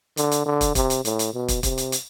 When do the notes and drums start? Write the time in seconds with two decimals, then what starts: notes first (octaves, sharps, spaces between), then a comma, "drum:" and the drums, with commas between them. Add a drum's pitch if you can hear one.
0.17 D3, drum: hi-hat
0.32 drum: hi-hat
0.46 D3
0.61 drum: kick, hi-hat
0.75 C3, drum: kick, hi-hat
0.90 drum: hi-hat
1.05 A2, drum: hi-hat
1.19 drum: hi-hat
1.34 B2
1.48 drum: kick, hi-hat
1.63 C3, drum: kick, hi-hat
1.78 drum: hi-hat
1.92 drum: hi-hat